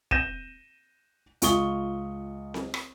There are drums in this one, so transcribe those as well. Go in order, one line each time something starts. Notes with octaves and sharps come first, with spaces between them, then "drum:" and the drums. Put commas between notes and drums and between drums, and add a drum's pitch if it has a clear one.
G6 A#6 D#7 E7, drum: kick
C#2 F4 C#6 D#6 G7, drum: hi-hat
drum: snare
drum: rim click